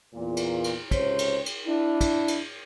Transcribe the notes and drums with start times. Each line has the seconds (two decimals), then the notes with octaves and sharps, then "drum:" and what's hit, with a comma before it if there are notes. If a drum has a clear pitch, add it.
0.14 E2 A#2
0.37 drum: cymbal
0.64 drum: cymbal
0.91 C#2 C3 C5 C#5, drum: kick, cymbal
1.19 drum: cymbal
1.46 drum: cymbal
1.67 D4 E4
2.01 drum: kick, cymbal
2.28 drum: cymbal